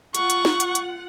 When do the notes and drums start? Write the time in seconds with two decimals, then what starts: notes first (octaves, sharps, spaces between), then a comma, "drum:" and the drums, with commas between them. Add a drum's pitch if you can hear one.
0.15 F4 F#5 C#6, drum: hi-hat
0.30 drum: hi-hat
0.45 drum: snare
0.60 drum: hi-hat
0.75 drum: hi-hat